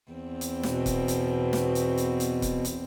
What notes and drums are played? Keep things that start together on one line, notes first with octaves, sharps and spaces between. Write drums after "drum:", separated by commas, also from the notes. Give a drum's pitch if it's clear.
E2 C4
drum: hi-hat
B2, drum: snare
drum: kick C#1, hi-hat
drum: hi-hat
drum: snare
drum: hi-hat
drum: hi-hat
drum: hi-hat
drum: kick C#1, hi-hat
drum: hi-hat